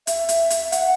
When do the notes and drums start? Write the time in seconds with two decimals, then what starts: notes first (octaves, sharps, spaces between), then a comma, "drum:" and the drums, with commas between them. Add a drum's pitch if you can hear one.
0.07 E5, drum: hi-hat
0.29 drum: hi-hat
0.50 drum: hi-hat
0.72 F#5, drum: hi-hat